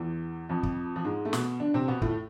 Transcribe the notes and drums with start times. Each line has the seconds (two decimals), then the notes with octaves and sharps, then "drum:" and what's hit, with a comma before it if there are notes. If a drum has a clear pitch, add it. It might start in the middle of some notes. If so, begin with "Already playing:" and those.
Already playing: E2 E3
0.49 F2 F3
0.63 drum: kick
0.96 F3
1.05 G#2 G#3
1.25 A3
1.33 B2 B3, drum: snare
1.60 D3 D4
1.74 C3 C4
1.88 B2 B3
2.02 A2 A3, drum: kick